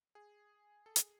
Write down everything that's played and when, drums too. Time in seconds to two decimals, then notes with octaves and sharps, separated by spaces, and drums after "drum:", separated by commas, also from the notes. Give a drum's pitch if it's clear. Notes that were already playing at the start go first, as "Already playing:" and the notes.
0.15 G#4
0.86 A4
0.96 G#4, drum: hi-hat